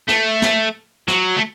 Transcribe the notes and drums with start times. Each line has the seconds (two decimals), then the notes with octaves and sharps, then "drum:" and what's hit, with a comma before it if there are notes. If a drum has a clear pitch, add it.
0.09 A3, drum: snare
0.42 drum: snare
1.08 F#3, drum: snare
1.36 A3